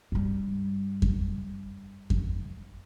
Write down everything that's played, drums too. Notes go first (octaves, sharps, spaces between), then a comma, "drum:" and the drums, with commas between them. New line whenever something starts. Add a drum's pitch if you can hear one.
G2 G3
drum: kick F2
drum: kick F2